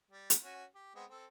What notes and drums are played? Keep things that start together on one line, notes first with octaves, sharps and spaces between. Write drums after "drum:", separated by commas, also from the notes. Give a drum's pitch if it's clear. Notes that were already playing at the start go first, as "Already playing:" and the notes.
G3
drum: hi-hat
C#4 F#4
G4
G#3 B3 C4
C4 A4